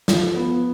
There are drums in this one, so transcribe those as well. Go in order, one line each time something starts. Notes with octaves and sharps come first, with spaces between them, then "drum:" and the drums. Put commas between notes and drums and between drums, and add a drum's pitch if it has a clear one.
F3, drum: snare
B3